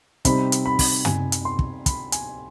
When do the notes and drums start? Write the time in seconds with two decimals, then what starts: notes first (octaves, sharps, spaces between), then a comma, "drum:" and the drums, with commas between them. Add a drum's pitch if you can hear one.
0.25 C3 G3 C4 D#4 B5, drum: kick, hi-hat
0.52 drum: hi-hat
0.66 B5
0.79 drum: kick, open hi-hat
1.05 G#5, drum: tom
1.32 drum: hi-hat
1.45 C6
1.59 drum: kick
1.86 B5, drum: kick, hi-hat
2.12 G#5, drum: hi-hat